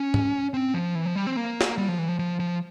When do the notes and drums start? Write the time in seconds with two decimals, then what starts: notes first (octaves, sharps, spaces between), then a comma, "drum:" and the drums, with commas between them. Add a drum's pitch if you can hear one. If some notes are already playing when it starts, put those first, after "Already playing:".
Already playing: C#4
0.14 drum: tom G#2
0.54 C4
0.74 F3
0.95 E3
1.06 F3
1.16 G3
1.27 C4
1.36 A#3
1.61 drum: snare
1.78 G3
1.88 F3
1.98 E3
2.08 F3
2.19 F3
2.40 F3